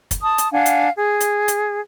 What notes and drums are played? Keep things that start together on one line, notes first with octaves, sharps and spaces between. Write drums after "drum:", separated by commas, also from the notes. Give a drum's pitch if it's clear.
drum: kick, hi-hat
A5 D#6
drum: hi-hat
D4 F5 F#5 G#5
drum: hi-hat
G#4
drum: hi-hat
drum: hi-hat